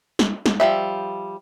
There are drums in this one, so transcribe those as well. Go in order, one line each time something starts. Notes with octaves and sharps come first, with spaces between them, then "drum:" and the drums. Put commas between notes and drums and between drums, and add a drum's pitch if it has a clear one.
drum: snare
drum: snare
F3 G3 E5